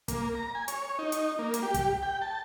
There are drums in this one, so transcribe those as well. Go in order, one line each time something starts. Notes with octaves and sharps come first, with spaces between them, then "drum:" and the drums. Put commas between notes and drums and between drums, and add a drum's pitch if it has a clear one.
A#3, drum: kick, hi-hat
A#5
G#5
C#5, drum: hi-hat
D#4
drum: hi-hat
A#3
drum: hi-hat
G4
drum: kick, hi-hat
G5
A5